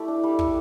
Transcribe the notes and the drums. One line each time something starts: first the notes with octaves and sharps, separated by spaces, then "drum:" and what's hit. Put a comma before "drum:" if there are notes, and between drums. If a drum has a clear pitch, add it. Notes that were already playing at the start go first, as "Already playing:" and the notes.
Already playing: A3 E4 G4 D5
D4
G3
A4, drum: kick